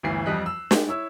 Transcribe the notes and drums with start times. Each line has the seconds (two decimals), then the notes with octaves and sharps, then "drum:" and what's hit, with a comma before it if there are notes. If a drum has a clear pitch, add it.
0.03 G1 D2 E3 C7
0.26 F2 F3 G3 D#5 F#6 B6
0.46 E6
0.71 G#3 G4, drum: snare
0.88 E4 C#5 E6